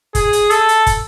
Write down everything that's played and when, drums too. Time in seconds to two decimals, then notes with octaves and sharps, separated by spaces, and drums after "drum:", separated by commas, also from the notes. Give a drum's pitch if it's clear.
0.15 G#4, drum: kick, hi-hat
0.33 drum: hi-hat
0.50 A4, drum: hi-hat
0.69 drum: hi-hat
0.86 drum: kick, hi-hat